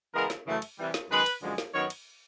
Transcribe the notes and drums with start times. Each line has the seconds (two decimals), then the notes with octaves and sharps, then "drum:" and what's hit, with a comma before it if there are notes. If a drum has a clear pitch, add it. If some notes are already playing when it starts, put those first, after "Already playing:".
0.15 C#3 E3 G#3 B3 A#4
0.30 drum: snare
0.47 F#2 C#3 E3 A3
0.62 drum: cymbal
0.78 C3 E3 G3
0.94 drum: snare
1.10 F#2 D#3 G#3 B4
1.26 drum: cymbal
1.42 F#2 D3 F3 G#3
1.58 drum: snare
1.74 F#2 D#3 F#3 B3 C#5
1.90 drum: cymbal